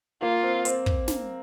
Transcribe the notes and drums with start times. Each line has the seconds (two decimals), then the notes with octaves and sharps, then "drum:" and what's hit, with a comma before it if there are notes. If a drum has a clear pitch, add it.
0.22 A#3 F4
0.43 C4
0.65 C4, drum: hi-hat
0.86 drum: kick
1.08 drum: snare